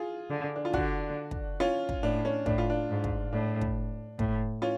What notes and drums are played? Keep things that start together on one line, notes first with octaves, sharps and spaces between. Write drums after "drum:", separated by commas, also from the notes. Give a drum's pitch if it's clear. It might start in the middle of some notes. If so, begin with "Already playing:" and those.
Already playing: F4 G#4
D3
D4
F4
D3 D4 F#4, drum: kick
drum: kick
C#4 F4
drum: kick
A2 D4
C#4
A2 D4, drum: kick
F4
D4
G#2
drum: kick
A2 D4
drum: kick
A2, drum: kick
C#4 F4